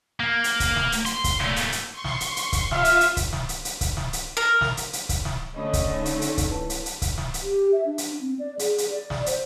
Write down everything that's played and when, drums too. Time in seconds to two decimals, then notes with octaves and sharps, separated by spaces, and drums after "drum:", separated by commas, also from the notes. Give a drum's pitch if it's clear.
0.20 A#3
0.44 drum: hi-hat
0.60 drum: kick C#1, hi-hat
0.76 drum: snare
0.92 drum: hi-hat
1.06 C6, drum: hi-hat
1.24 drum: kick C#1, hi-hat
1.40 A#2 A3, drum: snare
1.56 drum: hi-hat
1.72 drum: hi-hat
1.92 C6 C#6
2.04 drum: snare
2.20 drum: hi-hat
2.36 drum: hi-hat
2.53 drum: kick C#1, hi-hat
2.71 F4 E5 F5, drum: snare
2.85 drum: hi-hat
3.01 drum: hi-hat
3.17 drum: kick C#1, hi-hat
3.33 drum: snare
3.49 drum: hi-hat
3.65 drum: hi-hat
3.81 drum: kick C#1, hi-hat
3.97 drum: snare
4.13 drum: hi-hat
4.37 A#4
4.61 drum: snare
4.77 drum: hi-hat
4.93 drum: hi-hat
5.09 drum: kick C#1, hi-hat
5.25 drum: snare
5.54 D3 A3 C#4 D#5 B5 D#6
5.73 drum: kick C#1, hi-hat
5.93 D#4
6.05 drum: hi-hat
6.21 drum: hi-hat
6.38 drum: kick C#1, hi-hat
6.47 E4 B4 A5
6.70 drum: hi-hat
6.86 drum: hi-hat
7.02 drum: kick C#1, hi-hat
7.18 drum: snare
7.34 drum: hi-hat
7.43 G4
7.72 E5
7.86 D4
7.98 drum: hi-hat
8.21 C4
8.39 D5
8.59 G#4, drum: hi-hat
8.78 drum: hi-hat
8.90 D5
9.10 drum: snare
9.26 C5, drum: hi-hat